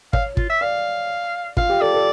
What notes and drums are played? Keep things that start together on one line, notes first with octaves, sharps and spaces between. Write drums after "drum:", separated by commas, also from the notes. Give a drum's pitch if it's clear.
C#5 F5, drum: kick
F4, drum: kick
E5
D5 F5
F4 F5, drum: kick
G4
A4 D5
A4